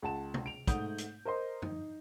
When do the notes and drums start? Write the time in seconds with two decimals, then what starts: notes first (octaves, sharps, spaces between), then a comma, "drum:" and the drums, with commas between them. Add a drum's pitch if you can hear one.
0.02 C#2 F#5 A5 E7
0.34 drum: tom
0.46 D7 F7
0.67 G#2 A3 F#5 D#6 G6, drum: kick, hi-hat
0.98 drum: hi-hat
1.25 A#4 C5 D#5 C6
1.62 D#4, drum: tom F#2